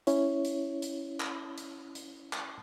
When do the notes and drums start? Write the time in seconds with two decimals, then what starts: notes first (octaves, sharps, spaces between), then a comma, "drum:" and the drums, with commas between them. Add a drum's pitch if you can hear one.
0.07 C#4 E4 C#5, drum: hi-hat
0.45 drum: hi-hat
0.82 drum: hi-hat
1.20 drum: clap
1.58 drum: hi-hat
1.95 drum: hi-hat
2.33 drum: clap